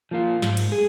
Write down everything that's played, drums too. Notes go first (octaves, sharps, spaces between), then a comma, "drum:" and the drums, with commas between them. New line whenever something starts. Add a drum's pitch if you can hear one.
F3 A#3 F4
G#2, drum: snare
drum: cymbal
G#4